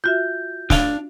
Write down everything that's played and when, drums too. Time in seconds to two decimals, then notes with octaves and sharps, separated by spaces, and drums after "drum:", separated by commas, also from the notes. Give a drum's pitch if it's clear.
0.04 F4 F#4 E5 G6
0.70 D4 F5, drum: snare